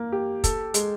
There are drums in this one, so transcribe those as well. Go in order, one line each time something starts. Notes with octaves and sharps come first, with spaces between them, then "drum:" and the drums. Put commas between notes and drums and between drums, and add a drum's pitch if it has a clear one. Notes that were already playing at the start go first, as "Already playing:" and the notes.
Already playing: A#3
G4
A4, drum: kick, hi-hat
G#3, drum: hi-hat